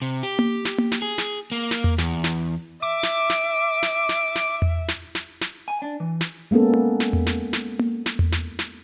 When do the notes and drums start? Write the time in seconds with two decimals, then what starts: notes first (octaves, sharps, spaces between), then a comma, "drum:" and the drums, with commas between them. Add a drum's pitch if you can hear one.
0.02 C3
0.23 G4
0.39 drum: tom A#3
0.65 drum: snare
0.78 drum: tom A#3
0.92 drum: snare
1.02 G#4
1.18 drum: snare
1.52 A#3
1.71 drum: snare
1.84 drum: tom E2
1.98 E2, drum: snare
2.24 drum: snare
2.82 E5 D6
3.03 drum: snare
3.30 drum: snare
3.83 drum: snare
4.09 drum: snare
4.35 drum: snare
4.62 drum: tom E2
4.88 drum: snare
5.15 drum: snare
5.41 drum: snare
5.68 G#5
5.82 D4
6.00 E3
6.21 drum: snare
6.51 G#3 A#3 B3 C#4 A4
6.74 drum: tom A#3
7.00 drum: snare
7.13 drum: tom E2
7.26 drum: snare
7.53 drum: snare
7.79 drum: tom A#3
8.06 drum: snare
8.19 drum: tom E2
8.32 drum: snare
8.59 drum: snare